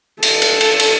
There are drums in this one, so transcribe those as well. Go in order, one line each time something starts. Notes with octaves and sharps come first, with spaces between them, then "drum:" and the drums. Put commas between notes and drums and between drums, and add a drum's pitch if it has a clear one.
A4, drum: cymbal
drum: cymbal
drum: cymbal
drum: cymbal